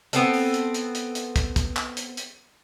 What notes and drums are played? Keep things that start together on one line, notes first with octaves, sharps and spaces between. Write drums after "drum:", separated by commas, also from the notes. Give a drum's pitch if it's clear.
B3 C4 A4, drum: hi-hat
drum: open hi-hat
drum: hi-hat
drum: hi-hat
drum: hi-hat
drum: hi-hat
drum: kick, hi-hat
drum: kick, hi-hat
drum: clap
drum: hi-hat
drum: hi-hat